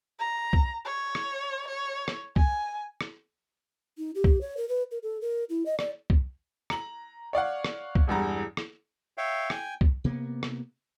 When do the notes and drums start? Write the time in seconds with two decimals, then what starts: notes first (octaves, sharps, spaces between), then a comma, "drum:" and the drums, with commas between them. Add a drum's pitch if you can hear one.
0.19 A#5
0.53 drum: kick C2
0.85 C#5
1.15 drum: rim click
1.67 C#5
2.08 drum: rim click
2.36 G#5, drum: kick C2
3.01 drum: rim click
3.98 D#4
4.15 G4
4.24 drum: kick C2
4.41 C#5
4.57 A#4
4.69 B4
4.91 A#4
5.03 A4
5.21 A#4
5.50 E4
5.66 D#5
5.79 D5, drum: rim click
6.10 drum: kick C2
6.70 A#5 F#7, drum: rim click
7.33 C#5 D5 F5 F#5
7.64 drum: rim click
7.95 drum: kick C2
8.07 E1 E2 G2 A#5
8.57 drum: rim click
9.18 C#5 E5 F5 G5
9.50 G5 G#5, drum: rim click
9.81 drum: kick C2
10.04 C3 A#3 B3
10.43 drum: rim click